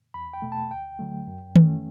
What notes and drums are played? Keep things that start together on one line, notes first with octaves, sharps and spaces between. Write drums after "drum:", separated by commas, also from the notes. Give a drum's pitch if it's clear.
E2 B5
G5
B2 A3
A5
D2 G5
D3 F#3 A3
F#2
E3 A3 C#4, drum: tom D#3